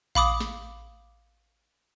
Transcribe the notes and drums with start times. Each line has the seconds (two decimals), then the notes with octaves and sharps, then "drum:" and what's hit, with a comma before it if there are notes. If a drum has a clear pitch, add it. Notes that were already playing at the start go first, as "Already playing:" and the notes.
0.15 F5 B5 D6 D#6, drum: kick A#1
0.40 drum: snare